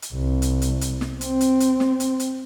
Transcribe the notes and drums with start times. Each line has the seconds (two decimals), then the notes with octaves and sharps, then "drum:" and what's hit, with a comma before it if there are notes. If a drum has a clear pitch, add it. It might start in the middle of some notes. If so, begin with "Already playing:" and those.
0.02 drum: hi-hat
0.14 C2
0.42 drum: hi-hat
0.62 drum: hi-hat
0.81 drum: hi-hat
1.01 drum: snare
1.21 C4, drum: hi-hat
1.41 drum: hi-hat
1.60 drum: hi-hat
1.80 drum: snare
2.00 drum: hi-hat
2.20 drum: hi-hat